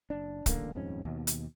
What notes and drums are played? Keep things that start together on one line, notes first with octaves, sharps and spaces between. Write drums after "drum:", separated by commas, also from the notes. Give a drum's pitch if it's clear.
F#1 D4
D#1 A1 D3 A#3, drum: kick, hi-hat
D#1 F2 G#2 C#4
D#2 B2
drum: hi-hat